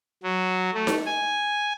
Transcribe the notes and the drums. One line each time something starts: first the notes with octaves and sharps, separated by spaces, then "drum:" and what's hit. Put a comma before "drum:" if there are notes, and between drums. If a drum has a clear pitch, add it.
F#3
A3
drum: snare D#4
G#5